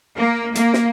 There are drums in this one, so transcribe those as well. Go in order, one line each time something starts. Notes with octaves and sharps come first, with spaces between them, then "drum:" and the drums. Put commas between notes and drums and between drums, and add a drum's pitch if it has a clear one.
A#3
A#3, drum: hi-hat
drum: snare